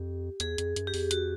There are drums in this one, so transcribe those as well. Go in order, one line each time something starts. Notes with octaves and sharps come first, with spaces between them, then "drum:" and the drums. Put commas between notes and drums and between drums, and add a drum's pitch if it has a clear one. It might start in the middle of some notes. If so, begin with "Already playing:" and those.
Already playing: F2 G4
E2 G#4, drum: hi-hat
F2, drum: hi-hat
F#2, drum: hi-hat
G4
F2, drum: open hi-hat
F#4, drum: hi-hat